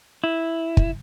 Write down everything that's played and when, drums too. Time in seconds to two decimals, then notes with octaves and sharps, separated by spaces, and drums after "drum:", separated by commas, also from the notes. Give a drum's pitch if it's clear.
0.24 E4
0.77 drum: kick